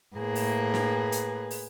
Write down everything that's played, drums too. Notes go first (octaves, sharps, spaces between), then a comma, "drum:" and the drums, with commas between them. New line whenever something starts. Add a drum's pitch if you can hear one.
A2 A#3 G#4 B4
drum: open hi-hat
drum: snare
drum: hi-hat
drum: open hi-hat